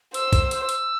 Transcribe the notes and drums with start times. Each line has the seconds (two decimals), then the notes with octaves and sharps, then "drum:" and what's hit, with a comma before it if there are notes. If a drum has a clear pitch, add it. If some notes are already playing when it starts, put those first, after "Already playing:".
0.14 C5 E6, drum: hi-hat
0.33 drum: kick, hi-hat
0.51 E6, drum: hi-hat
0.69 drum: hi-hat